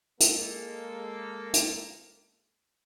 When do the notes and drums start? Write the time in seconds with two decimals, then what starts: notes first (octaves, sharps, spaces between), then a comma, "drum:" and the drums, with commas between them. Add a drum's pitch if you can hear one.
0.20 G#3 A#3 A4, drum: hi-hat
1.53 drum: hi-hat